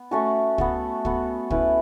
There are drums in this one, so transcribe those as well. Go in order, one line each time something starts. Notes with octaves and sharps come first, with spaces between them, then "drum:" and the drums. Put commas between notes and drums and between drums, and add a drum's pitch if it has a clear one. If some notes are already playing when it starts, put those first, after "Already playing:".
Already playing: B3
A3 C#4 F#4 A4
B3 F#4 A4, drum: kick
B3 F#4 A4, drum: kick
A3 C#4 E4 B4, drum: kick